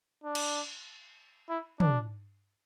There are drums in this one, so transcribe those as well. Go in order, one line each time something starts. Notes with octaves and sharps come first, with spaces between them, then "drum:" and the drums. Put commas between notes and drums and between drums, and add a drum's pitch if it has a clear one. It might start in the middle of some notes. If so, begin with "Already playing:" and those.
D4
drum: cymbal
E4
D4, drum: tom